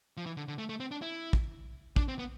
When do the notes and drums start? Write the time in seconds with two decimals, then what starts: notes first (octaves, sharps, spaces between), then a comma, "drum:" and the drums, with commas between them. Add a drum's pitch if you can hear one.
0.17 F3
0.26 E3
0.37 D3
0.48 D3
0.58 A3
0.69 A3
0.80 C4
0.91 D4
1.02 E4
1.33 drum: kick
1.96 D4, drum: kick
2.08 C4
2.19 B3